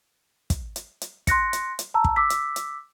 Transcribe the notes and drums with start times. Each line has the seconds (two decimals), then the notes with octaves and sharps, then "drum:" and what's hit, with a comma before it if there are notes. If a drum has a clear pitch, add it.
0.50 drum: kick, hi-hat
0.76 drum: hi-hat
1.01 drum: hi-hat
1.27 C6 F#6 A#6 C#7, drum: kick, hi-hat
1.53 drum: hi-hat
1.79 drum: hi-hat
1.94 A5 A#5 E6
2.04 drum: kick
2.16 D6 E6 B6
2.30 drum: hi-hat
2.56 drum: hi-hat